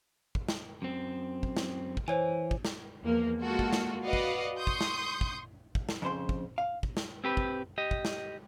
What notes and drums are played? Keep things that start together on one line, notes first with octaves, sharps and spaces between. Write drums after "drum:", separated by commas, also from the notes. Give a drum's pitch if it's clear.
drum: kick
drum: snare
F#2 C4
drum: kick
drum: snare
drum: kick
E3 C5 C#5 G#5
drum: kick
drum: snare
E2 F3 A#3
G#3 A#3 F4 F#4 A4
drum: kick
drum: snare
F#4 B4 D5 D#5 F5 F#5
drum: kick
C6 C#6 D#6 G6
drum: kick
drum: snare
drum: kick
drum: kick
drum: snare
F2 C#3 C5 C6
drum: kick
F5
drum: kick
drum: snare
C4 G4 B4
drum: kick
G4 D#5
drum: kick
drum: snare